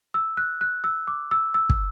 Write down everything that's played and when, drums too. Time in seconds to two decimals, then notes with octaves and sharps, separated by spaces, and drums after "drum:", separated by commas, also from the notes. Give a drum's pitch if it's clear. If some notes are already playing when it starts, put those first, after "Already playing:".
0.14 E6
0.37 F#6
0.61 F#6
0.84 E6
1.07 D6
1.31 E6
1.54 E6
1.70 drum: kick